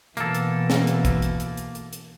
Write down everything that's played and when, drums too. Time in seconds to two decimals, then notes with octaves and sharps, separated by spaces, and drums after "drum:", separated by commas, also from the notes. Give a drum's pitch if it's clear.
0.17 B2 E3 A#3 A4, drum: hi-hat
0.35 drum: hi-hat
0.70 drum: snare
0.87 drum: hi-hat
1.05 drum: kick, hi-hat
1.22 drum: hi-hat
1.40 drum: hi-hat
1.57 drum: hi-hat
1.75 drum: hi-hat
1.93 drum: hi-hat